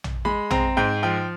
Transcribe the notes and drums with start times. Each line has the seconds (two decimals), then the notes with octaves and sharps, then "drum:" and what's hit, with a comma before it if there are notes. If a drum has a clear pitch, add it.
0.04 drum: tom A#1
0.25 G#3 B5
0.51 C4 A#5, drum: tom A#1
0.77 G#2 G5
1.03 F3 G5